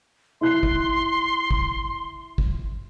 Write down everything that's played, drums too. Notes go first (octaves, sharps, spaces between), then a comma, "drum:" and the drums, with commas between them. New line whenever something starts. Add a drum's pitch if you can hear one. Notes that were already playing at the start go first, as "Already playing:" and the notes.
E4 C6 F#6 C7
drum: kick
drum: kick
drum: kick